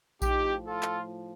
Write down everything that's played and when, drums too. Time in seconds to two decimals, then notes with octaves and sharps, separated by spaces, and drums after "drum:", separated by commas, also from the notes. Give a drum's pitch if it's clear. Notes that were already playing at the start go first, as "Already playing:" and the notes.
0.22 A2 F3 D#4 G4, drum: kick A#1, tambourine
0.68 F4 A4
0.83 drum: clap